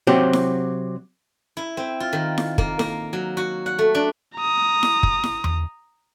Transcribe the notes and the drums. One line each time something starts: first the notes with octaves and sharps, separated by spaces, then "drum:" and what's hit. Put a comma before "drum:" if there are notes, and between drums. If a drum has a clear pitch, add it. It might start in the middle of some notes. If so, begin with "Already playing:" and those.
C3 F#3 C4 F#4 G4
drum: snare E4
E4
C4
F4
D#3
drum: snare E4
A#3, drum: kick
A#3, drum: snare E4
F#3
F#4
F#5
A3
D4
A#5 D#6
drum: snare E4
drum: kick
drum: snare E4
drum: tom E2